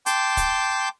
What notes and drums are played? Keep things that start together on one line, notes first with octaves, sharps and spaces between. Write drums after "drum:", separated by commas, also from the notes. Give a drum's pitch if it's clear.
G5 A5 C6 D6 G6, drum: hi-hat
drum: kick, hi-hat